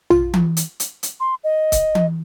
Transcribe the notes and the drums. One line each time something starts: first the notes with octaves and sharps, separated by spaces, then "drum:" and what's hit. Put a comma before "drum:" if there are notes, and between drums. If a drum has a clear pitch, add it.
F4, drum: tom A#1
drum: tom E3
drum: hi-hat
drum: hi-hat
drum: hi-hat
C6
D#5
drum: kick C#1, hi-hat
drum: tom E3